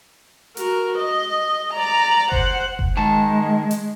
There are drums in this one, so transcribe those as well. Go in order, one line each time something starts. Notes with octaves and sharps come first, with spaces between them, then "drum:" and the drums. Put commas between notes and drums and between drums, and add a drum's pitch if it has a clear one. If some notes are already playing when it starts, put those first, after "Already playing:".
F#4 A#4, drum: hi-hat
D#5
D5 A#5
C5 F#5, drum: kick F#1
drum: kick F#1
D#3 G#3 A5
drum: hi-hat